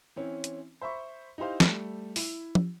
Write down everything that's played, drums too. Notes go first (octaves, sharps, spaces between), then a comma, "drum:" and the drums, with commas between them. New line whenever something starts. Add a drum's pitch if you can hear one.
E3 C4 C#4
drum: hi-hat
C5 E5 B5 C#6
D#4 E4 G4 C5 F5
G3 A3, drum: snare
E4, drum: open hi-hat
drum: tom F3